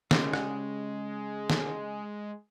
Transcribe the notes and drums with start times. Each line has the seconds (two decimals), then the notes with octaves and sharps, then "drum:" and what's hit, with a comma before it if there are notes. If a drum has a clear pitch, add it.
0.11 C#3 G#3 G4, drum: snare
0.33 drum: rim click
1.50 drum: snare